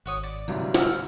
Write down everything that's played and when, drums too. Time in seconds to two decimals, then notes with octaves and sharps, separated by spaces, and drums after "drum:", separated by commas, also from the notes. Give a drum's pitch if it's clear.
0.06 G#1 F#4 C#5 D#6
0.24 D5
0.48 G1 C2 G#2 C3 F3 F#3, drum: tambourine
0.74 F#5 E6 F6, drum: snare